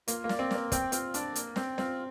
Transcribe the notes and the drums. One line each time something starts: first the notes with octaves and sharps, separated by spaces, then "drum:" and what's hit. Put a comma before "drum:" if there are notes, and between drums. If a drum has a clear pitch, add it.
A#3 F4, drum: hi-hat
A#3
D5, drum: snare
C4
A#3 C4, drum: snare
C4 G5, drum: kick, hi-hat
C4 F4, drum: hi-hat
D4 D5, drum: hi-hat
A#3, drum: hi-hat
C4 G5, drum: snare
C4 F4, drum: snare